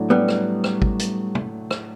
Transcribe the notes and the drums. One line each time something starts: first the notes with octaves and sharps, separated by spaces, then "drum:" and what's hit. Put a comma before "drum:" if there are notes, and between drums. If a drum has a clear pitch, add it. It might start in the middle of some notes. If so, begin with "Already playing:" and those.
Already playing: A2 F#3 A3 D4
G3 B3
drum: rim click
drum: rim click
drum: kick
drum: hi-hat
drum: tom
drum: rim click